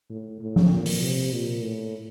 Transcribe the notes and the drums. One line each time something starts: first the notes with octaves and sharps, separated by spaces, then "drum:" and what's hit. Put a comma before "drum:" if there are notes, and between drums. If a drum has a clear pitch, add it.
A2
A2
drum: tom F3
A#2
drum: open hi-hat
C3
A#2
A2